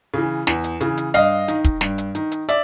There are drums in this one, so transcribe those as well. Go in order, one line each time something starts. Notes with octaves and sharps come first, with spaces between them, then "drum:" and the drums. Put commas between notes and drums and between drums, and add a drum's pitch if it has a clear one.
C#3 E3
E2, drum: snare
drum: hi-hat
C#3 E3, drum: hi-hat
drum: hi-hat
G2 D#5 F5, drum: hi-hat
D#3, drum: hi-hat
drum: kick, hi-hat
G2, drum: snare
drum: hi-hat
D#3, drum: hi-hat
drum: hi-hat
D5 E5, drum: hi-hat